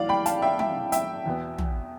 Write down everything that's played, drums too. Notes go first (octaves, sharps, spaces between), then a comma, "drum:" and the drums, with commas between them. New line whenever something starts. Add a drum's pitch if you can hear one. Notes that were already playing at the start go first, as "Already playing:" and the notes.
Already playing: B1 A2 E3 D5 F5
G5 B5
F5 A5, drum: hi-hat
E5 G5
E5 G5, drum: tom
E5 G5, drum: hi-hat
E2 B2 B3
drum: tom